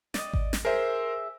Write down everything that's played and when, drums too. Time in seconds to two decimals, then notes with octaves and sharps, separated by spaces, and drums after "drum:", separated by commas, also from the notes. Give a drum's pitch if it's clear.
0.14 D5 D#5, drum: snare
0.33 drum: kick G#1
0.53 drum: snare
0.65 G#4 A#4 C5 E5